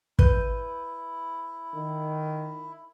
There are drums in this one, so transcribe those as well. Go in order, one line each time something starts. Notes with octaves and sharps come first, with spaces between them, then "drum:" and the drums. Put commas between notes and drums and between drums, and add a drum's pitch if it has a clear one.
E4 B4 G6, drum: kick
D#3